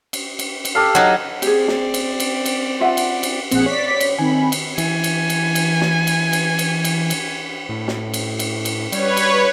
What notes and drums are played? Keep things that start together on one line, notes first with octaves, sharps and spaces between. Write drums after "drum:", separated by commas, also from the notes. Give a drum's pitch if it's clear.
drum: cymbal
drum: cymbal
drum: cymbal
G4 A4 F5
F#3 D#4
C4 G4 G#4 D5, drum: cymbal
drum: snare
drum: cymbal
drum: cymbal
drum: cymbal
F4 E5 F#5
drum: cymbal
drum: cymbal
A#1 C4 G#4 F#5, drum: cymbal
C#5 D5 B6
drum: cymbal
D#3 C4 G#5 B5
drum: cymbal
E3 G#5, drum: cymbal
drum: cymbal
drum: cymbal
drum: cymbal
drum: snare
drum: cymbal
drum: cymbal
drum: cymbal
drum: cymbal
drum: cymbal
A2
drum: snare
drum: cymbal
drum: cymbal
drum: cymbal
G3 B4 C#5, drum: cymbal
drum: cymbal